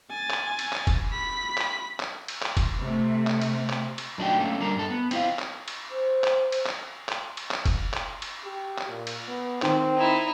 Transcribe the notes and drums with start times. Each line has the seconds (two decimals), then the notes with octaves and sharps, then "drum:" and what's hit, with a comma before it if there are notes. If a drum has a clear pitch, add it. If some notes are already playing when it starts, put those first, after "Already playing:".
0.10 G#5 A6
0.31 drum: clap
0.59 drum: cymbal
0.73 drum: clap
0.87 drum: kick, cymbal
1.12 B5 B6
1.58 drum: clap
2.00 drum: clap
2.28 drum: cymbal
2.43 drum: clap
2.57 drum: kick, cymbal
2.81 C3 A3
3.27 drum: clap
3.41 drum: cymbal
3.70 drum: clap
3.98 drum: cymbal
4.18 F#2 A2 D4 D#4 F#4 G5
4.39 A3 A#3 C#4
4.60 G3 D4 A#4
4.75 G2 A4
4.90 B3
5.11 C4 E4 F5, drum: cymbal
5.39 drum: clap
5.68 drum: cymbal
5.90 C5
6.24 drum: clap
6.52 drum: cymbal
6.67 drum: clap
7.09 drum: clap
7.37 drum: cymbal
7.51 drum: clap
7.66 drum: kick, cymbal
7.94 drum: clap
8.22 drum: cymbal
8.45 G4
8.79 drum: clap
8.89 A#2
9.07 drum: cymbal
9.28 B3
9.62 D#3 C4, drum: clap
9.97 D#4 E4